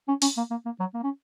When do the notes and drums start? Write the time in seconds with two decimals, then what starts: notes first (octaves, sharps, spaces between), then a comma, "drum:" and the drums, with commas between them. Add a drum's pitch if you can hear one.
0.08 C#4
0.22 C#4, drum: open hi-hat
0.37 A#3
0.51 A#3
0.65 A#3
0.80 F#3
0.94 A#3
1.03 C#4